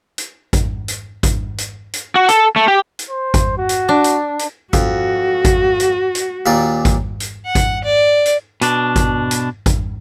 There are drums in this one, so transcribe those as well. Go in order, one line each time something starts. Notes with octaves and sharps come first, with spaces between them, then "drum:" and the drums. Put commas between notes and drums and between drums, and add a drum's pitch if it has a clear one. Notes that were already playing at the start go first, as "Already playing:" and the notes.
drum: hi-hat
drum: kick G#1, hi-hat
drum: hi-hat
drum: kick G#1, hi-hat
drum: hi-hat
drum: hi-hat
F#4
A4, drum: hi-hat
A3
G4
drum: hi-hat
C5
drum: kick G#1, hi-hat
F#4
drum: hi-hat
D4
drum: hi-hat
drum: hi-hat
F2 F#4, drum: kick G#1, hi-hat
drum: kick G#1, hi-hat
drum: hi-hat
drum: hi-hat
D#2 A#2 D5
drum: kick G#1, hi-hat
drum: hi-hat
F#5
drum: kick G#1, hi-hat
D5
drum: hi-hat
B2 D4, drum: hi-hat
drum: kick G#1, hi-hat
drum: hi-hat
drum: kick G#1, hi-hat